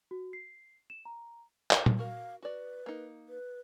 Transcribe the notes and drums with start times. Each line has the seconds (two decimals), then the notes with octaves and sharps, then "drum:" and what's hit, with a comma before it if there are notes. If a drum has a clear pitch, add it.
0.11 F#4
0.33 C7
0.90 E7
1.05 A#5
1.71 drum: clap
1.86 drum: tom A#2
1.99 F#4 A#4 F5
2.42 F#4 B4 D5
2.86 A#3 D#4
3.29 B4